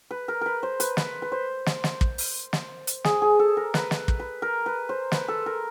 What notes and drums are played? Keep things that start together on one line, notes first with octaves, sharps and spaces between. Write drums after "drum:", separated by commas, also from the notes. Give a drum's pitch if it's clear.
B4
A#4
A#4 B4
C5
B4, drum: hi-hat
B4, drum: snare
B4
C5
drum: snare
drum: snare
drum: kick
drum: open hi-hat
drum: snare
drum: hi-hat
G#4, drum: snare
G#4
A4
A#4
B4, drum: snare
drum: snare
drum: kick
B4
A#4
B4
C5
B4, drum: snare
A4
A#4